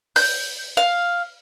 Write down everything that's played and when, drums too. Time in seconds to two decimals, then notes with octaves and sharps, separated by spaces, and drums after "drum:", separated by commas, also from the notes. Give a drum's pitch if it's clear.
0.16 G6, drum: open hi-hat
0.77 F5